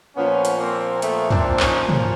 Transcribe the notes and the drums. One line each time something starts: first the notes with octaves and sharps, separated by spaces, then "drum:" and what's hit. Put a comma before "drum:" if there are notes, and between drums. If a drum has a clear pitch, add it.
A#2 F3 B3 C#4
drum: hi-hat
A#3 C4
A3 B3, drum: hi-hat
C4 D4, drum: tom
C#4 D#4, drum: clap
drum: tom